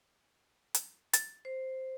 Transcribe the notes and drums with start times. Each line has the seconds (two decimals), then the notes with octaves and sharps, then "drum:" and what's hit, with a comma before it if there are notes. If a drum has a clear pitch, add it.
0.74 drum: hi-hat
1.13 A6, drum: hi-hat
1.45 C5